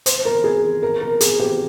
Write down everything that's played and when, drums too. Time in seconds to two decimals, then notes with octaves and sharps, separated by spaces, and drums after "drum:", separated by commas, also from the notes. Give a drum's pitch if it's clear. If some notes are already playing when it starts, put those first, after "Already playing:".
0.06 C5, drum: hi-hat
0.25 A#4
0.44 G#4
0.83 A#4
1.01 A#4
1.21 G#4, drum: hi-hat
1.40 G4